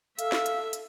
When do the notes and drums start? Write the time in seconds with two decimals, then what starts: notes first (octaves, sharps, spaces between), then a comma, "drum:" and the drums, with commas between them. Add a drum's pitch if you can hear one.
0.19 A4 E5 F5, drum: hi-hat
0.32 drum: snare
0.46 drum: hi-hat
0.73 drum: hi-hat